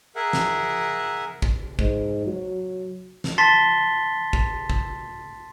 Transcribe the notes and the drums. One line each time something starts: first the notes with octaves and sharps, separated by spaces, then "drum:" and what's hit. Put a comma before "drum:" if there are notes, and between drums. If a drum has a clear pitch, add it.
G#4 A#4 E5 F#5
drum: snare
drum: kick
G#2, drum: kick
F#3
drum: snare
A5 C6 A6 B6 C7 G7
drum: kick
drum: kick